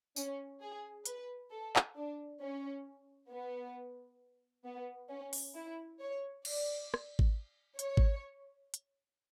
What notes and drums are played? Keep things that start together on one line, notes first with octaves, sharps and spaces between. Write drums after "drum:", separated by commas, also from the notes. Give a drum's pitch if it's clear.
C#4, drum: tambourine
G#4
B4, drum: hi-hat
A4
drum: clap
D4
C#4
B3
B3
C#4
drum: open hi-hat
E4
C#5
D5, drum: cymbal
drum: rim click
drum: kick G#1
C#5, drum: hi-hat
drum: kick G#1
drum: hi-hat